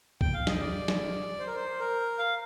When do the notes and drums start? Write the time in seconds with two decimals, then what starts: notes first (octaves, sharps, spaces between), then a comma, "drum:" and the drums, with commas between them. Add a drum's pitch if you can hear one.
0.21 G5, drum: kick
0.34 F5
0.47 D#5, drum: snare
0.60 D5
0.88 drum: snare
1.40 C5
1.47 A#4
1.56 C5
1.80 A#4
2.19 F5